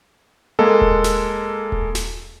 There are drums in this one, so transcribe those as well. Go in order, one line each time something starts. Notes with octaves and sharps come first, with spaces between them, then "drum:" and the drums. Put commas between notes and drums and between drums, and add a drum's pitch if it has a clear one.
G#3 A#3 A4
drum: kick D#1
drum: snare
drum: kick D#1
drum: snare